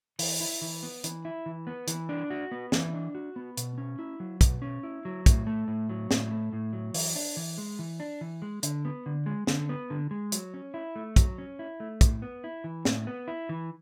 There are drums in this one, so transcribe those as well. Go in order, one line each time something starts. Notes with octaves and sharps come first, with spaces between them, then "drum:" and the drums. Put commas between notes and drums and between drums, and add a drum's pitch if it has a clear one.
E3, drum: open hi-hat
E4
E3
B3
E3, drum: hi-hat
E4
E3
B3
E3, drum: hi-hat
D4
F#4
B3
E3, drum: snare
D4
F#4
B3
B2, drum: hi-hat
C#4
E4
F#3
B2, drum: kick, hi-hat
C#4
E4
F#3
A2, drum: kick, hi-hat
A3
A2
F#3
A2, drum: snare
A3
A2
F#3
E3, drum: open hi-hat
D4
E3
G#3
E3
D4
E3
G#3
D3, drum: hi-hat
B3
D3
G#3
D3, drum: snare
B3
D3
G#3
F#3, drum: hi-hat
C#4
E4
A3
F#3, drum: kick, hi-hat
C#4
E4
A3
A2, drum: kick, hi-hat
B3
E4
E3
A2, drum: snare
B3
E4
E3